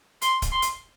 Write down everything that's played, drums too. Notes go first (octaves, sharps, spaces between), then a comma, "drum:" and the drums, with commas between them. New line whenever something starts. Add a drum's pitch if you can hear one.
C6, drum: hi-hat
drum: kick, hi-hat
C6
drum: hi-hat